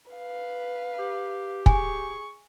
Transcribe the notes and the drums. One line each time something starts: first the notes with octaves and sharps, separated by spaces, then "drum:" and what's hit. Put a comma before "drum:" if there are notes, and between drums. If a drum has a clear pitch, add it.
B4 F5
G4
G#4 G#5 C#6, drum: kick